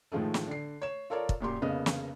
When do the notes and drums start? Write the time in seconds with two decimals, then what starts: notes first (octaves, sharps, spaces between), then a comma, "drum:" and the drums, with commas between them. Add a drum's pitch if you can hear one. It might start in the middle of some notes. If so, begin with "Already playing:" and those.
0.12 A2 D#3 F3 G#3 A3
0.34 drum: snare
0.48 D3 C7
0.82 C#5 E7
1.10 F4 A4 A#4 C#5 D5
1.29 drum: kick
1.41 F#2 A#2 G4 C6
1.62 F1 C#3 A#3 B3 D#5
1.86 drum: snare